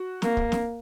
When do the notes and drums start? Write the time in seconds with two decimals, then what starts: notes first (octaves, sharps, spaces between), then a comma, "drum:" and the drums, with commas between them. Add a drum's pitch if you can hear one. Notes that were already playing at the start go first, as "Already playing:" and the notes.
Already playing: F#4
0.22 A#3, drum: snare
0.37 drum: kick
0.52 drum: snare